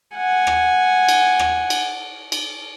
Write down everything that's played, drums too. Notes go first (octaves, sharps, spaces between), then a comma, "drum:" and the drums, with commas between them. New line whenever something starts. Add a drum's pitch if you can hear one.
F#5 G#5
drum: rim click
drum: cymbal
drum: rim click
drum: cymbal
drum: cymbal